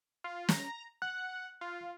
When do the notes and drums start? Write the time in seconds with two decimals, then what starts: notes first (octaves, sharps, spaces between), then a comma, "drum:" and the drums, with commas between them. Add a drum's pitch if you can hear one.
0.24 F4
0.49 A#5, drum: snare
1.02 F#5 F#6
1.61 F4